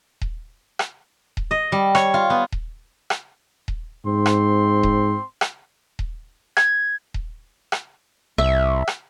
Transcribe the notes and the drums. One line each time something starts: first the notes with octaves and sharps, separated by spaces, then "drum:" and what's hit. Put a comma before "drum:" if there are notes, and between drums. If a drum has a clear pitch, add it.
drum: kick D#1
drum: rim click
drum: kick D#1
D#5
G3
C#5, drum: rim click
F4
B3
drum: kick D#1
drum: rim click
drum: kick D#1
G#2 C4 C6
drum: rim click
drum: kick D#1
drum: rim click
drum: kick D#1
G#6, drum: rim click
drum: kick D#1
drum: rim click
C2 E5
drum: rim click